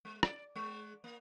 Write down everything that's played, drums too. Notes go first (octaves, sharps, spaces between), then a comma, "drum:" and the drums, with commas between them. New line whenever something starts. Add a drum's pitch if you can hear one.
G#3
D5, drum: rim click
G#3
A#3